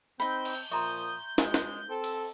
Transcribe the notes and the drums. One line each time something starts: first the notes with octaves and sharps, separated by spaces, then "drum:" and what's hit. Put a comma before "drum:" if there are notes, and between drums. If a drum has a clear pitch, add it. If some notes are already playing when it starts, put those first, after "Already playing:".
C4 D#4 B5 G6
drum: cymbal
A#2 F3 E5 A#5 C6 C#6 D#6
G#3, drum: snare
drum: snare
C4 A4
drum: cymbal